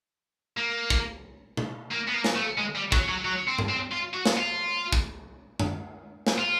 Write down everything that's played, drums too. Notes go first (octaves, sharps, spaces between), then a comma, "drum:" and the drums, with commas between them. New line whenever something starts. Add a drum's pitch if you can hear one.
A#3
drum: kick
drum: tom B2
A#3
B3
A#3
drum: snare
A3
G#3
G3
F#3, drum: kick
F#3
F#3
C4
drum: tom G2
C4
F4
F#4
drum: snare
F4
drum: kick
drum: tom F#2
drum: snare
F4